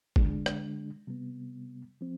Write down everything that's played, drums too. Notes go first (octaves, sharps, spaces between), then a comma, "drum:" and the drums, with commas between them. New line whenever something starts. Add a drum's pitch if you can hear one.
D3 G#3 D4, drum: kick
drum: rim click
C3 G3 B3
F3 C4